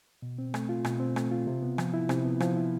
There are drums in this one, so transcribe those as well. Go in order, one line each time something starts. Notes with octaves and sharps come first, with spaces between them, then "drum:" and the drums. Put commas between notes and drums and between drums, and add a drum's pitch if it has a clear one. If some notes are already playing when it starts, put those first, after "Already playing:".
B2
C4
A3, drum: rim click
F4
B2, drum: rim click
C4
A3, drum: rim click
F4
C3
B3
F3, drum: rim click
E4
C3, drum: rim click
B3
F3, drum: rim click
E4